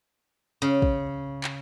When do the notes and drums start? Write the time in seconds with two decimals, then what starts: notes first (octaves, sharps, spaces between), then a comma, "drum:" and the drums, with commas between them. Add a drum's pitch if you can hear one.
0.62 C#3
0.82 drum: kick
1.44 drum: clap